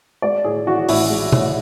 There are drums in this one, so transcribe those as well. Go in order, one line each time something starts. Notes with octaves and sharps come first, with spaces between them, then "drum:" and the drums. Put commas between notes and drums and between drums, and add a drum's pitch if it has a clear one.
G#3 D5
A2 G#4
E3 F#4
A1 E4, drum: open hi-hat
G#3
A2, drum: tom B2